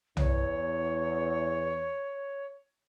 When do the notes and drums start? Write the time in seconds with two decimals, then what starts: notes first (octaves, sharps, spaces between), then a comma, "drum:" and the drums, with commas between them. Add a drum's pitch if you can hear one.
0.17 E2 C#5, drum: tom